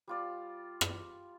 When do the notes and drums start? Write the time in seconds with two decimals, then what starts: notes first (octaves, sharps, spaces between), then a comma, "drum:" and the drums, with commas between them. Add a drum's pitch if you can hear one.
0.07 G3 F4 D5
0.81 drum: rim click